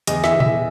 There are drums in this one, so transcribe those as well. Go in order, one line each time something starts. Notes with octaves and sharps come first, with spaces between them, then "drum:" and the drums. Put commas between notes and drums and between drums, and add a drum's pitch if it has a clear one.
E2 D#5, drum: hi-hat
E5, drum: snare
E2
E5, drum: tom A#2